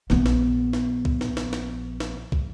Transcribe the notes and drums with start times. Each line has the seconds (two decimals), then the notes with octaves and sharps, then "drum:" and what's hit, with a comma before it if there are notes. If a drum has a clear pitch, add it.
0.10 A#1 B3, drum: snare
0.26 drum: snare
0.73 drum: snare
1.05 drum: kick
1.21 drum: snare
1.37 drum: snare
1.53 drum: snare
2.00 drum: snare
2.32 drum: kick